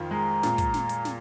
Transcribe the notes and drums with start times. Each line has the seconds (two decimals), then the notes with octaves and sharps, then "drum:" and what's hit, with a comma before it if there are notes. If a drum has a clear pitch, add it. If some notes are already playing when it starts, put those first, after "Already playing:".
Already playing: F2 D#3 F4
0.11 G#3 A#5
0.43 A#2, drum: snare
0.58 drum: kick, hi-hat
0.74 drum: snare
0.89 drum: hi-hat
1.05 drum: snare